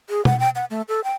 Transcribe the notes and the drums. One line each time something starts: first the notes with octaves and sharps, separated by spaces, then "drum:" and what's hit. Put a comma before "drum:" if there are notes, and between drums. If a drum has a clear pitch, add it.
G#4
F#5, drum: tom
G5
F#5
A3
A4
G5